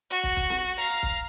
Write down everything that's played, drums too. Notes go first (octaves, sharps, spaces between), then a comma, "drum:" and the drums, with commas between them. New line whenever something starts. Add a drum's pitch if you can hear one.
F#4, drum: hi-hat
drum: kick
drum: kick, hi-hat
drum: snare
F5 A#5
drum: hi-hat
drum: kick